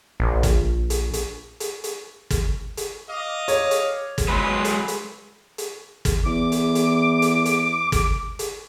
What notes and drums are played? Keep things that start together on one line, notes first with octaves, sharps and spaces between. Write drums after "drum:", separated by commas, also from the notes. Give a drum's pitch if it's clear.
A#1
drum: kick, hi-hat
drum: hi-hat
drum: hi-hat
drum: hi-hat
drum: hi-hat
drum: kick, hi-hat
drum: hi-hat
D#5 F5 D6
C#5, drum: hi-hat
drum: hi-hat
drum: kick, hi-hat
F#3 G#3 B4 B5 C6
drum: hi-hat
drum: hi-hat
drum: hi-hat
drum: kick, hi-hat
E2 D6
drum: hi-hat
drum: hi-hat
drum: hi-hat
drum: hi-hat
drum: kick, hi-hat
drum: hi-hat